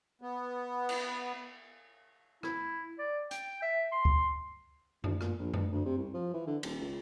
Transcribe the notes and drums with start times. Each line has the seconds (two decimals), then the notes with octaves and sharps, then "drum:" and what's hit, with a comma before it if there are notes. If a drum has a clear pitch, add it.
0.22 B3
0.89 drum: cymbal
2.43 E4, drum: rim click
2.98 D5
3.31 G5, drum: hi-hat
3.62 E5
3.92 C6
4.05 drum: kick C#2
5.04 D2, drum: tom F#2
5.21 A#2, drum: rim click
5.39 A#1
5.54 G2, drum: tom F#2
5.72 D2
5.86 C3
5.98 C2
6.14 F3
6.33 E3
6.47 D3
6.63 D#1, drum: cymbal
6.81 C#2